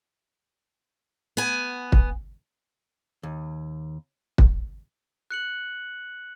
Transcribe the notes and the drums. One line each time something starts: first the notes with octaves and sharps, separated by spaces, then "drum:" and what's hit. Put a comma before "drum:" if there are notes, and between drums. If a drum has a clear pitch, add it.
B3 G#5
drum: kick
D#2
drum: kick
F#6 C#7 F#7